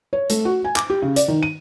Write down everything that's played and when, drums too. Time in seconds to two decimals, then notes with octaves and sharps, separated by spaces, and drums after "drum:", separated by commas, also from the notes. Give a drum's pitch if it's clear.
0.13 C#5
0.30 A3, drum: hi-hat
0.45 F#4
0.65 G#5
0.76 D6, drum: clap
0.90 G4
1.02 C#3
1.16 D5, drum: hi-hat
1.28 D#3
1.43 D#7